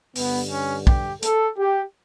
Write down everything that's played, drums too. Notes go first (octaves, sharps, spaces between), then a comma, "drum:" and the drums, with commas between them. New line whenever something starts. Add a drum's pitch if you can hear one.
G2 D3 B3, drum: open hi-hat
C#4
G4, drum: kick
A4, drum: hi-hat
G4